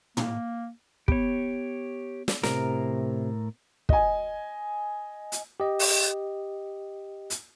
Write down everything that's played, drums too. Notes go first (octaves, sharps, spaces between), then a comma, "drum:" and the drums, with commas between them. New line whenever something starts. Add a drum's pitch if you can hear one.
A#3, drum: tom
B3 G4 C#5, drum: kick
drum: snare
A2 C3 A#4 A#5, drum: snare
D#5 G#5, drum: kick
drum: hi-hat
G4 D#5
drum: open hi-hat
drum: hi-hat